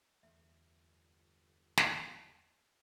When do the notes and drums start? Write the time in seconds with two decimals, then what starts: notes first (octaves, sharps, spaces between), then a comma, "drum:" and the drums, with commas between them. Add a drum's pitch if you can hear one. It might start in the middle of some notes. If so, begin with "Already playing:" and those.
0.23 G1 E2 A3 E5
1.77 drum: snare